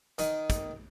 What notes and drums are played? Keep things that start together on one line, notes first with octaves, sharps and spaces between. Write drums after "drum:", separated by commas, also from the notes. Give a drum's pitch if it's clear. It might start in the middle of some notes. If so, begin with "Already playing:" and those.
D#3, drum: hi-hat
drum: kick, hi-hat